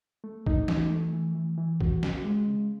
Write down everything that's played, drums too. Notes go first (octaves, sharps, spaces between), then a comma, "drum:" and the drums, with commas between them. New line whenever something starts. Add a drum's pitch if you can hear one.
A3
D#4, drum: kick
E3, drum: snare
A3
E3
E3
E3
F#4, drum: kick
C#3, drum: snare
G#3
C#3